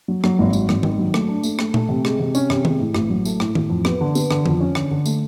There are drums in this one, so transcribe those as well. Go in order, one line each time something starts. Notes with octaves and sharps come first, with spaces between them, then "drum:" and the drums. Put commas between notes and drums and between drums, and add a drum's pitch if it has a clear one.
F#3
F#3, drum: rim click
G#1
F#3, drum: tambourine
G#1, drum: rim click
D#3, drum: tom D#3
F#3
A3, drum: rim click
D4
A3, drum: tambourine
A3, drum: rim click
A3, drum: tom A#2
C3
G#3, drum: rim click
C3
C#4, drum: tambourine
C3, drum: rim click
G#3, drum: tom D#3
A2
A1, drum: rim click
F#3
A3, drum: tambourine
A2, drum: rim click
A2, drum: tom D#3
F2
B3, drum: rim click
D3
B3, drum: tambourine
D3, drum: rim click
F2, drum: tom D#3
C#4
D3, drum: rim click
D3
A3, drum: tambourine